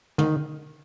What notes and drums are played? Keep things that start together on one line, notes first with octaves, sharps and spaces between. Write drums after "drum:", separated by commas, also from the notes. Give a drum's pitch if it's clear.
D#3, drum: tom